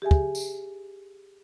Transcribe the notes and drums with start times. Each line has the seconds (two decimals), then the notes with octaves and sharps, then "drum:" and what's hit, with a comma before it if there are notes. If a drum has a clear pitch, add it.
0.02 G4 G#4 E5 G#5
0.11 drum: kick
0.35 drum: tambourine